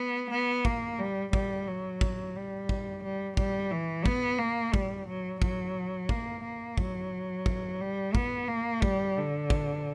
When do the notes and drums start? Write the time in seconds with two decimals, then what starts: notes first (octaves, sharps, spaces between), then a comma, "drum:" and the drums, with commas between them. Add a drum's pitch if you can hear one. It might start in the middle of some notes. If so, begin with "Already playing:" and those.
Already playing: B3
0.31 B3
0.65 A#3, drum: kick
0.99 G3
1.33 G3, drum: kick
1.67 F#3
2.01 drum: kick
2.36 G3
2.69 drum: kick
3.04 G3
3.37 G3, drum: kick
3.71 E3
4.06 B3, drum: kick
4.39 A#3
4.74 G3, drum: kick
5.08 F#3
5.42 F#3, drum: kick
6.09 A#3, drum: kick
6.44 A#3
6.77 F#3, drum: kick
7.46 drum: kick
7.80 G3
8.15 B3, drum: kick
8.48 A#3
8.82 G3, drum: kick
9.17 D3
9.50 drum: kick